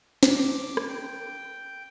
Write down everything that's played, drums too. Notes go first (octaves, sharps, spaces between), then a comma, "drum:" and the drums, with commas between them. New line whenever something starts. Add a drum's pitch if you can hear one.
D6, drum: snare
drum: rim click
G5